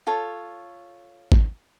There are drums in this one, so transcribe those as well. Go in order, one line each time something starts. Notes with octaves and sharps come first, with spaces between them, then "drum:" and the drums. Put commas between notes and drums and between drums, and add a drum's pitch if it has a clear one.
F4 A4 C#5
drum: kick G#1